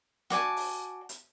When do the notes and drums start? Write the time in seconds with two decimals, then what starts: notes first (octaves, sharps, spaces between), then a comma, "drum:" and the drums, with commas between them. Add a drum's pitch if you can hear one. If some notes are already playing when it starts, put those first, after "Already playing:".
0.30 F#4 D5 G#5 A5, drum: snare
0.57 drum: open hi-hat
1.09 drum: hi-hat